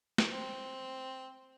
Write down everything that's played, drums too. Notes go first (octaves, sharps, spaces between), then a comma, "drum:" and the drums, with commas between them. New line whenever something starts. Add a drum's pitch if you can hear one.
drum: snare
C4